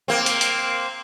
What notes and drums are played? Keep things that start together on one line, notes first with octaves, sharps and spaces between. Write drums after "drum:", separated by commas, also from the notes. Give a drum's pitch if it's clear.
A#3 C4
drum: hi-hat
drum: hi-hat